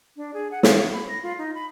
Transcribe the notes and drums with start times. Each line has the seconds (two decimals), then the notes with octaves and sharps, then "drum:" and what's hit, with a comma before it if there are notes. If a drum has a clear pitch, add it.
0.17 D4
0.34 G#4
0.51 F#5
0.63 F5, drum: snare
0.78 C#5
0.92 B5
1.09 A#6
1.23 F4
1.38 D#4
1.55 B5